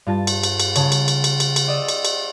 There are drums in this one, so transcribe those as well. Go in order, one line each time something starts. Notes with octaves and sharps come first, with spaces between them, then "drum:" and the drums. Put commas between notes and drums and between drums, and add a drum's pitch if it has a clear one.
G2 F4 A5 A6
drum: cymbal
drum: cymbal
drum: cymbal
C#3 C#5 A5, drum: cymbal
drum: cymbal
drum: cymbal
drum: cymbal
drum: cymbal
drum: cymbal
D5 D#5 E6
drum: cymbal
drum: cymbal